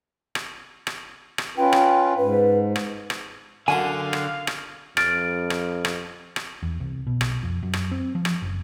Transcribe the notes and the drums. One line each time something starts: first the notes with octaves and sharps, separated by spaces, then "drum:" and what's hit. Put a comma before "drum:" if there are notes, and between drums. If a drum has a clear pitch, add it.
drum: rim click
drum: rim click
drum: rim click
C#4 F4 B4 G5
drum: rim click
G#2 B4
drum: rim click
drum: rim click
F#2 D3 F#4 F5 G#5 A#5
drum: rim click
drum: rim click
F2 F6 A6 D7, drum: rim click
drum: rim click
drum: rim click
drum: rim click
E2
C2
B2
B1, drum: rim click
F2
F#2
drum: rim click
C4
F3
drum: rim click
F#1